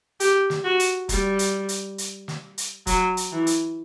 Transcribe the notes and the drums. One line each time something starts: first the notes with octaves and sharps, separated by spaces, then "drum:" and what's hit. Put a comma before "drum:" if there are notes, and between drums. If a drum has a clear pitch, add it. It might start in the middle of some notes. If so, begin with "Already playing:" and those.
G4, drum: hi-hat
drum: snare
F#4
drum: hi-hat
G3, drum: kick E1, hi-hat
drum: hi-hat
drum: hi-hat
drum: hi-hat
drum: snare
drum: hi-hat
F#3, drum: kick E1, hi-hat
drum: hi-hat
E3
drum: hi-hat